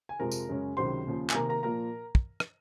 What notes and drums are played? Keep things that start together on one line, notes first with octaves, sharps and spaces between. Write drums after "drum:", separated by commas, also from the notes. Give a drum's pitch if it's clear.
G#5
F2 C3 F3 G#3 A#4 A#5
drum: tambourine
F#2 C#3 G#3 C#4
C#2 C3 D#3 F#3 C5 C6
D#2 C#3 F3
G#5, drum: clap
C3 D#3 A#3 A#4 A#5
A#4 A#5
A#2 F3 A#3 A#4 A#5
drum: kick
drum: rim click